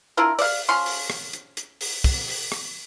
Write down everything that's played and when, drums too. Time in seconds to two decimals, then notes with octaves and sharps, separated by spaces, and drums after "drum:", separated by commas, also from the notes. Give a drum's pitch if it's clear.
0.17 D4 E4 F4 A#4
0.39 D5 F5, drum: open hi-hat
0.69 F3 C#4 F5 C6
0.86 drum: open hi-hat
1.10 drum: rim click
1.33 drum: hi-hat
1.57 drum: hi-hat
1.81 drum: open hi-hat
2.04 drum: kick, open hi-hat
2.28 drum: open hi-hat
2.52 drum: rim click